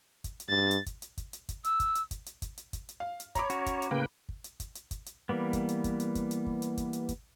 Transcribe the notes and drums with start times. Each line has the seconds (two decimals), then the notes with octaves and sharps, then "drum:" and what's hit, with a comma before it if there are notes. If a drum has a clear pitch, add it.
0.24 drum: kick, hi-hat
0.40 drum: hi-hat
0.49 G2 A6
0.71 drum: hi-hat
0.86 drum: kick, hi-hat
1.02 drum: hi-hat
1.18 drum: kick, hi-hat
1.33 drum: hi-hat
1.49 drum: kick, hi-hat
1.64 E6, drum: hi-hat
1.80 drum: kick, hi-hat
1.95 drum: hi-hat
2.11 drum: kick, hi-hat
2.26 drum: hi-hat
2.42 drum: kick, hi-hat
2.58 drum: hi-hat
2.73 drum: kick, hi-hat
2.89 drum: hi-hat
3.00 F5
3.20 drum: hi-hat
3.35 C#5 A#5 B5 D6, drum: kick, hi-hat
3.50 C#4 F#4, drum: hi-hat
3.66 drum: kick, hi-hat
3.82 drum: hi-hat
3.91 A2 C#3 A#3 B4 G5
4.29 drum: kick
4.44 drum: hi-hat
4.60 drum: kick, hi-hat
4.75 drum: hi-hat
4.91 drum: kick, hi-hat
5.06 drum: hi-hat
5.29 E3 G3 A#3 B3
5.53 drum: kick, hi-hat
5.69 drum: hi-hat
5.84 drum: kick, hi-hat
6.00 drum: hi-hat
6.15 drum: kick, hi-hat
6.31 drum: hi-hat
6.46 drum: kick
6.62 drum: hi-hat
6.77 drum: kick, hi-hat
6.93 drum: hi-hat
7.09 drum: kick, hi-hat